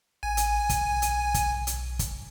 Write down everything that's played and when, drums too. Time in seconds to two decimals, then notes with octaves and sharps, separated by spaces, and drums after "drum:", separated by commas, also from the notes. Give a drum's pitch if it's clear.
0.23 A1 G#5
0.37 drum: hi-hat
0.70 B1, drum: kick, hi-hat
1.02 drum: hi-hat
1.34 drum: kick, hi-hat
1.67 drum: hi-hat
1.99 drum: kick, hi-hat